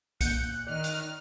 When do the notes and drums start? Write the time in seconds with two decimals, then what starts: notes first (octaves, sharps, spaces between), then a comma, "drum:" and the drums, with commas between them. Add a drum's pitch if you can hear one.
0.21 A#2 F#6 G6 C#7, drum: kick, hi-hat
0.67 D#3 D5 F6
0.84 drum: hi-hat